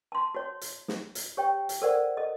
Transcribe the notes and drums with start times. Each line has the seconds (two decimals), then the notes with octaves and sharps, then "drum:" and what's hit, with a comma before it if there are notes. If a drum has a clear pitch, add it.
0.12 A5 C6
0.35 F#4 C#5
0.61 drum: hi-hat
0.88 drum: snare
1.15 drum: hi-hat
1.37 G4 C#5 G5
1.69 drum: hi-hat
1.82 A4 A#4 C5 D5 F#5
2.17 A4 D#5